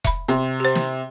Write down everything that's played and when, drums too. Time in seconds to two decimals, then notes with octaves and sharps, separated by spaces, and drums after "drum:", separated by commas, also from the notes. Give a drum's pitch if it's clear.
0.05 E5 B5, drum: kick E1, hi-hat
0.28 C3, drum: hi-hat
0.60 G4 C5
0.75 drum: snare